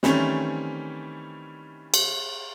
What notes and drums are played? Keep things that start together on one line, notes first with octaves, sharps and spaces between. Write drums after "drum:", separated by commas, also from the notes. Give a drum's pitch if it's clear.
D#3 E3 G3 A3 C4 C#4, drum: snare
drum: cymbal